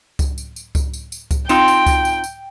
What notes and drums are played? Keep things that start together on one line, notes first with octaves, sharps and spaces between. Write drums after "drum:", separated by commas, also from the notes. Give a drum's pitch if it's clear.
drum: kick C#2, tambourine
drum: tambourine
drum: tambourine
drum: kick C#2, tambourine
drum: tambourine
drum: tambourine
drum: kick C#2, tambourine
C4 D#4 F4 G5, drum: tambourine
drum: tambourine
drum: kick C#2, tambourine
drum: tambourine
drum: tambourine